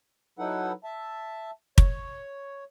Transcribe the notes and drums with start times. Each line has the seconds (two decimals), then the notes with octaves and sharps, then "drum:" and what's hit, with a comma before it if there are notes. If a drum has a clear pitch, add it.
0.39 F#3 D#4 E4 A4 B4 F#5
0.84 E5 A5
1.78 C#5, drum: kick